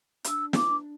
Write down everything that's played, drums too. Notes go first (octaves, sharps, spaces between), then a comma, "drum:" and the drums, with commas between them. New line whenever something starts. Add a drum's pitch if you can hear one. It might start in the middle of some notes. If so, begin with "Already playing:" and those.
D4 E6, drum: hi-hat
D6, drum: snare
D4